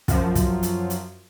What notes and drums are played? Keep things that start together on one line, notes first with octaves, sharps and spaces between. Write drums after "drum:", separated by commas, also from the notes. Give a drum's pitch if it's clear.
F#2 F3, drum: kick, hi-hat
drum: kick, hi-hat
drum: hi-hat
drum: hi-hat